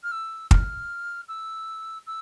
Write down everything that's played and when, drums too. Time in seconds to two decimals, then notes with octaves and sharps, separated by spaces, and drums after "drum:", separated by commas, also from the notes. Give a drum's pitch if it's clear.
0.03 F6
0.11 E6
0.51 F6, drum: kick
1.28 E6
2.06 E6